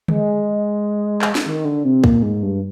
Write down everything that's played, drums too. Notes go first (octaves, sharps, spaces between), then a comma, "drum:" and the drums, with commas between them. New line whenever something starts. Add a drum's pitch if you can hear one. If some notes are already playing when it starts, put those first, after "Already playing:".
G#3, drum: tom D3
drum: clap
drum: snare
D#3
D3
C3
A#2, drum: kick
G#2
G2